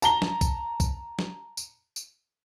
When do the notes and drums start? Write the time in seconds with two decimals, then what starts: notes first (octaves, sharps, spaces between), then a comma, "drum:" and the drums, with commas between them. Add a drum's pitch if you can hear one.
0.02 A5 A#5 G7, drum: tambourine
0.22 drum: snare
0.41 drum: kick B1, tambourine
0.80 drum: kick B1, tambourine
1.19 drum: snare
1.57 drum: tambourine
1.96 drum: tambourine